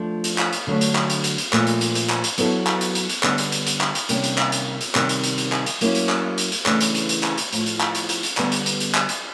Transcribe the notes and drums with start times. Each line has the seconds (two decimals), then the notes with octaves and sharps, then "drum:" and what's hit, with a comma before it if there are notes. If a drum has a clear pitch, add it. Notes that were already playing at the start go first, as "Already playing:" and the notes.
Already playing: F3 A3 D4
0.24 drum: hi-hat
0.38 drum: clap
0.53 drum: hi-hat
0.67 D3 F#3 A3 D4
0.81 drum: hi-hat
0.95 drum: clap
1.10 drum: hi-hat
1.24 drum: hi-hat
1.38 drum: hi-hat
1.53 A#2 F3 A3, drum: clap
1.67 drum: hi-hat
1.81 drum: hi-hat
1.95 drum: hi-hat
2.10 drum: clap
2.24 drum: hi-hat
2.38 F#3 B3 E4 A4, drum: hi-hat
2.67 drum: clap
2.81 drum: hi-hat
2.95 drum: hi-hat
3.09 drum: hi-hat
3.23 D3 G3 B3 D4, drum: clap
3.38 drum: hi-hat
3.52 drum: hi-hat
3.67 drum: hi-hat
3.81 drum: clap
3.95 drum: hi-hat
4.09 C3 D#3 G3 A#3 C#4, drum: hi-hat
4.24 drum: hi-hat
4.38 drum: clap
4.52 drum: hi-hat
4.81 drum: hi-hat
4.95 C3 D#3 G3 C4, drum: clap
5.09 drum: hi-hat
5.24 drum: hi-hat
5.38 drum: hi-hat
5.52 drum: clap
5.66 drum: hi-hat
5.81 F#3 A#3 C#4 E4, drum: hi-hat
5.95 drum: hi-hat
6.09 drum: clap
6.38 drum: hi-hat
6.52 drum: hi-hat
6.66 C#3 E3 A3 D4, drum: clap
6.81 drum: hi-hat
6.95 drum: hi-hat
7.09 drum: hi-hat
7.23 drum: clap
7.38 drum: hi-hat
7.53 A2 F3 A3, drum: hi-hat
7.66 drum: hi-hat
7.80 drum: clap
7.95 drum: hi-hat
8.09 drum: hi-hat
8.23 drum: hi-hat
8.37 D3 G3 B3 D4, drum: clap
8.52 drum: hi-hat
8.66 drum: hi-hat
8.80 drum: hi-hat
8.95 drum: clap
9.09 drum: hi-hat